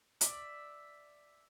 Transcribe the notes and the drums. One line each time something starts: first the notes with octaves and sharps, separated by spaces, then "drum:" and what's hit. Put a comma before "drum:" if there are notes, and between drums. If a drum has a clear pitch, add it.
D5 E5, drum: hi-hat